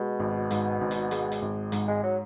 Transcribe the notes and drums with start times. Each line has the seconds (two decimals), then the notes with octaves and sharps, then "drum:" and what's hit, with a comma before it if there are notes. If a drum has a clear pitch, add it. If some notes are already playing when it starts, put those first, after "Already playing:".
Already playing: B2 G#3
0.19 G#1
0.51 G#2, drum: hi-hat
0.81 G#1
0.91 drum: hi-hat
1.11 G#3, drum: hi-hat
1.32 drum: hi-hat
1.42 G#1
1.72 G#2, drum: hi-hat
1.88 G#3
2.03 F#3